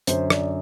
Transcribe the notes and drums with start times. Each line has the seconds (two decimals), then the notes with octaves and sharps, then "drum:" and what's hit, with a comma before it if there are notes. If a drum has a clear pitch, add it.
0.07 F#2 D3 C5, drum: hi-hat
0.30 D5, drum: rim click